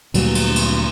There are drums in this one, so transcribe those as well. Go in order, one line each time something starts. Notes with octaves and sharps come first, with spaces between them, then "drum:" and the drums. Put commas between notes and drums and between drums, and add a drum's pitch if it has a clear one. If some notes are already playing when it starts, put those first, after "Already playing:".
D2 A#2 F#3 G3, drum: cymbal
drum: cymbal
drum: cymbal